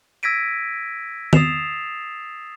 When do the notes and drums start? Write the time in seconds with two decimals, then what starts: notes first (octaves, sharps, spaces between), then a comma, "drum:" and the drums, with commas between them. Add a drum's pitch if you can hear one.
0.23 E6 G#6 A#6 B6 D7 D#7
1.33 D#6 A6 C7 E7 F7, drum: tom D#3